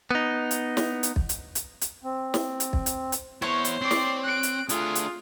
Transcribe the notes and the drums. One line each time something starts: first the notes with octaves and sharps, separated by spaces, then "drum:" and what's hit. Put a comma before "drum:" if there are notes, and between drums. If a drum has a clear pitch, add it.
B3 D#4
drum: hi-hat
drum: snare
drum: hi-hat
drum: kick
drum: hi-hat
drum: hi-hat
drum: hi-hat
C4
drum: snare
drum: hi-hat
drum: kick
drum: hi-hat
drum: hi-hat
B3 E4 C5 C#5
drum: hi-hat
C4 D5 C7
drum: snare
F#6 D7
drum: hi-hat
A3 D4 F4 G#4, drum: hi-hat
drum: hi-hat